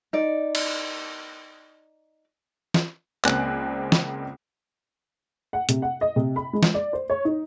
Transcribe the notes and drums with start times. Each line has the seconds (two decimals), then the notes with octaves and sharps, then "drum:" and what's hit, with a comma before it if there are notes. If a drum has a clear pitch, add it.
0.13 D#4 D5
0.55 drum: cymbal
2.74 drum: snare
3.25 C#2 A#3 C4 D5 G#5 F#6, drum: clap
3.92 drum: snare
5.53 F#5
5.69 C3, drum: hi-hat
5.82 F#5
6.01 D#5
6.16 C3
6.36 B5
6.53 G#3
6.63 drum: snare
6.74 D5
6.93 C5
7.10 C#5
7.25 D#4